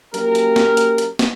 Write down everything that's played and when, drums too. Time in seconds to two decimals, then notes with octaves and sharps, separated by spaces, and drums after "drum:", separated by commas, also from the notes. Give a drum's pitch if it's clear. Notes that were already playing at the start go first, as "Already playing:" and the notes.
0.14 F#3 A#3 C#4 G4 A#4, drum: hi-hat
0.35 drum: hi-hat
0.56 drum: snare
0.77 drum: hi-hat
0.98 drum: hi-hat
1.19 drum: snare